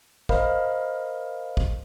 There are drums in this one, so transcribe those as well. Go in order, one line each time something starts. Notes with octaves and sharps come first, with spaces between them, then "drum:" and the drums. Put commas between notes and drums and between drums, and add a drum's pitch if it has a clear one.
A#4 C5 D#5 F5 B5, drum: kick
drum: kick